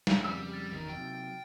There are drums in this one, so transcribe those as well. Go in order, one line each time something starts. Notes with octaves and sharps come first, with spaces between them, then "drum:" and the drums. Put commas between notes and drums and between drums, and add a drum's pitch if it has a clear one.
drum: snare
F2 C#3 G3 E6 F6
A6
G1 E2 D#3
C3 F#3 G5